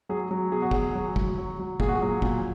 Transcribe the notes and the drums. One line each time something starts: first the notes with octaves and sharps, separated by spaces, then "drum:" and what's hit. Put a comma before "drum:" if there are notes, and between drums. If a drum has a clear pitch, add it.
F#3 G#4
F#3
B2 G#4
F#4
F#3 G#4, drum: kick
F#3
F#3, drum: kick
F#3
F#3
A#2 G#4, drum: kick
F#4
G#4
F#3
A#2, drum: kick